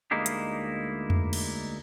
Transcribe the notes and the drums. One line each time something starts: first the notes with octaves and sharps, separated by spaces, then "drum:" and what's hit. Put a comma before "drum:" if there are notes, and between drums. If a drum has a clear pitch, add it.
D2 G#3 A#3 D#4 E4 G4
drum: hi-hat
drum: tom F2
drum: cymbal